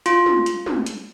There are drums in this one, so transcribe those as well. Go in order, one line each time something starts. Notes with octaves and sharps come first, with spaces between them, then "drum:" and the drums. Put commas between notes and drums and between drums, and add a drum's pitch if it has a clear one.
F4, drum: hi-hat
drum: tom
drum: hi-hat
drum: tom
drum: hi-hat